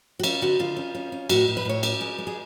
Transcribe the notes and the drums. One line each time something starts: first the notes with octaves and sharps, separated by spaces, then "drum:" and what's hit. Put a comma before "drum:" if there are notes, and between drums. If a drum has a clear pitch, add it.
F#4
C#4 F4, drum: cymbal
D3 F#4
D3 F4
C#4
C#4
C#4
A2 F#4, drum: cymbal
A2
B4
A2 C#5
C#4 D5, drum: cymbal
G#3
G#3
G#4